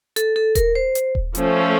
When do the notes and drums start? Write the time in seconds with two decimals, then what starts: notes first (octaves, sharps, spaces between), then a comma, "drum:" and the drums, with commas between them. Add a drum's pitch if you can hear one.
0.16 A4, drum: hi-hat
0.36 A4
0.55 A#4, drum: kick D#1, hi-hat
0.75 C5
0.95 drum: hi-hat
1.15 drum: kick D#1
1.35 F3 A3 C#4, drum: hi-hat